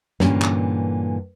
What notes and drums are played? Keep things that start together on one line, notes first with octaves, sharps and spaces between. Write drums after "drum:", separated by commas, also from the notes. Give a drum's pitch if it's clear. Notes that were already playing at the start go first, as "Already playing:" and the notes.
G2 A#2 D3 E3 A#3 C#4, drum: snare
drum: clap